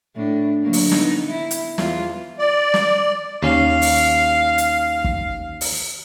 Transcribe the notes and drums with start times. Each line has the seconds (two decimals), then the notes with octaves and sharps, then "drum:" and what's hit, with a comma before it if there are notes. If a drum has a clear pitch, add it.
0.16 A2 D4
0.63 D3 F#3 A#3
0.73 drum: open hi-hat
0.91 B3 D#4, drum: snare
1.31 E4
1.51 drum: hi-hat
1.78 E2 F4, drum: snare
2.39 D5
2.74 drum: snare
3.43 D#2 C#4 F5
3.82 drum: open hi-hat
4.58 drum: hi-hat
5.04 drum: kick
5.61 drum: open hi-hat